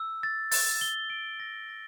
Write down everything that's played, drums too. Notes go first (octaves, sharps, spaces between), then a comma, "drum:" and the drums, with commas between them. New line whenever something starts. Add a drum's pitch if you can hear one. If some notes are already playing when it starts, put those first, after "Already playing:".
Already playing: E6
A6
A6, drum: open hi-hat
G7
D7
A#6
A#6